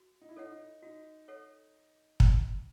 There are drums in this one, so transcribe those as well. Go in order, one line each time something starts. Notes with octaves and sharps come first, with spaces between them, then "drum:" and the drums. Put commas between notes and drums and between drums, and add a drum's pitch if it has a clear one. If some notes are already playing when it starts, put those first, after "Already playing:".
Already playing: F#4
D#4
E4
D#4 A4 C#5 F#5
D#4
D#4 F#4
A4 C#5 F#5
drum: kick